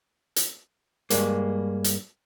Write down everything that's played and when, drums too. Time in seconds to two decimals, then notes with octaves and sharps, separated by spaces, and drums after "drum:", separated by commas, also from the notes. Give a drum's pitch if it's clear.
0.36 drum: hi-hat
1.10 G2 G#3 A#3, drum: hi-hat
1.84 drum: hi-hat